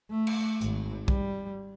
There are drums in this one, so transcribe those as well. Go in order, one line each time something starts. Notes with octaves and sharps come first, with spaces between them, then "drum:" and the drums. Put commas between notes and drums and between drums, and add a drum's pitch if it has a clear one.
A3
drum: cymbal
G#1, drum: hi-hat
G3, drum: kick B1